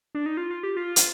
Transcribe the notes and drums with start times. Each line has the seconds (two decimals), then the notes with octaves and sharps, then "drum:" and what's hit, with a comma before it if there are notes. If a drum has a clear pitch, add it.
0.15 D4
0.26 D#4
0.37 F4
0.50 F4
0.63 G4
0.77 F4
0.96 drum: hi-hat